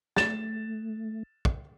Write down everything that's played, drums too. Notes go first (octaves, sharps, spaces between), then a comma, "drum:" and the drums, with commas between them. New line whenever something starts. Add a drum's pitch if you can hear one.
A3 A6 E7, drum: snare
drum: kick